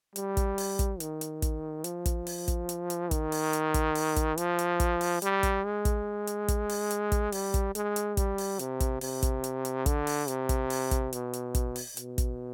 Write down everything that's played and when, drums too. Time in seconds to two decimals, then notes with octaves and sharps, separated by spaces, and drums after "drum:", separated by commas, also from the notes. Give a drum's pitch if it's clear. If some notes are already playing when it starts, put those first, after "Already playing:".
0.16 G3, drum: hi-hat
0.37 drum: kick, hi-hat
0.58 drum: open hi-hat
0.79 drum: kick, hi-hat
1.00 D#3, drum: hi-hat
1.21 drum: hi-hat
1.42 drum: kick, hi-hat
1.84 F3, drum: hi-hat
2.06 drum: kick, hi-hat
2.27 drum: open hi-hat
2.48 drum: kick, hi-hat
2.69 drum: hi-hat
2.90 drum: hi-hat
3.11 D#3, drum: kick, hi-hat
3.32 drum: open hi-hat
3.53 drum: hi-hat
3.74 drum: kick, hi-hat
3.95 drum: open hi-hat
4.16 drum: kick, hi-hat
4.38 F3, drum: hi-hat
4.59 drum: hi-hat
4.80 drum: kick, hi-hat
5.01 drum: open hi-hat
5.22 G3, drum: hi-hat
5.43 drum: kick, hi-hat
5.64 G#3
5.85 drum: kick, hi-hat
6.27 drum: hi-hat
6.48 drum: kick, hi-hat
6.69 drum: open hi-hat
6.91 drum: hi-hat
7.12 drum: kick, hi-hat
7.32 G3, drum: open hi-hat
7.54 drum: kick, hi-hat
7.75 G#3, drum: hi-hat
7.96 drum: hi-hat
8.17 G3, drum: kick, hi-hat
8.38 drum: open hi-hat
8.59 C3, drum: hi-hat
8.80 drum: kick, hi-hat
9.01 C3, drum: open hi-hat
9.23 drum: kick, hi-hat
9.44 drum: hi-hat
9.65 drum: hi-hat
9.86 D3, drum: kick, hi-hat
10.07 drum: open hi-hat
10.28 C3, drum: hi-hat
10.49 drum: kick, hi-hat
10.70 drum: open hi-hat
10.91 drum: kick, hi-hat
11.13 B2, drum: hi-hat
11.33 drum: hi-hat
11.55 drum: kick, hi-hat
11.76 drum: open hi-hat
11.97 B2, drum: hi-hat
12.18 drum: kick, hi-hat